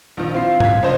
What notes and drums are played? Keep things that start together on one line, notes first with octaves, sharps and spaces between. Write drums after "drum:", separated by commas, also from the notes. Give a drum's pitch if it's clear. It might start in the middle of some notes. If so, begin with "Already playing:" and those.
A#1 D#3 F3
C4 E4 F4 C7
G#6 B6, drum: tom
C#2 F3 C5 D#5